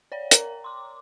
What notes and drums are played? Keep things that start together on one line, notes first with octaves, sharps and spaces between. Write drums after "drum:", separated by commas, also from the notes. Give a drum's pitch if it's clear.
C#5 D5 G5
A#4 A#5, drum: hi-hat
C6 D6